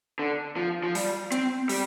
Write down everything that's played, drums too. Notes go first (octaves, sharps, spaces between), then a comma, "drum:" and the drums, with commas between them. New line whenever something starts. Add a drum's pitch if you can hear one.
D3
F3
F3
G3, drum: open hi-hat
C4, drum: hi-hat
G3, drum: open hi-hat